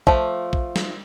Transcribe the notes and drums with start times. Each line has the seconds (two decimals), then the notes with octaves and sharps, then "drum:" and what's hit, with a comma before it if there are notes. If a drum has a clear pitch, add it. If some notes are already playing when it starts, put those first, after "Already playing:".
0.07 F3 A3, drum: kick A#1
0.53 drum: kick A#1
0.76 drum: snare